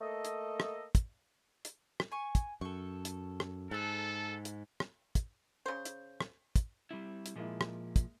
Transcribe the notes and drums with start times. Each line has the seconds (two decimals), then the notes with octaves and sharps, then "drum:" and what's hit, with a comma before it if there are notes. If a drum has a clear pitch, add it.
0.01 A3 A#3 A4 D#5
0.25 drum: hi-hat
0.60 drum: rim click
0.95 drum: kick, hi-hat
1.65 drum: hi-hat
2.00 drum: rim click
2.11 G#5 C#6
2.35 drum: kick, hi-hat
2.61 F#2 A4 C#6
3.05 drum: hi-hat
3.40 drum: rim click
3.71 G#2 A4 F#5 E6
4.45 drum: hi-hat
4.80 drum: rim click
5.15 drum: kick, hi-hat
5.66 C#3 C5
5.85 drum: hi-hat
6.20 drum: rim click
6.56 drum: kick, hi-hat
6.91 G3 C4 E4
7.26 drum: hi-hat
7.36 A#2 F3 G#3 A#3 E4
7.61 drum: rim click
7.96 drum: kick, hi-hat